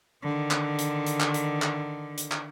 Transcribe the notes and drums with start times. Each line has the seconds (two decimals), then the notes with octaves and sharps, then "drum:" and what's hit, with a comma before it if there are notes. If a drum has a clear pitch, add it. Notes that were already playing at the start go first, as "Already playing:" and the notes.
0.23 D3 D#3
0.51 drum: clap
0.79 drum: hi-hat
1.06 drum: hi-hat
1.20 drum: clap
1.34 drum: hi-hat
1.62 drum: clap
2.18 drum: hi-hat
2.32 drum: clap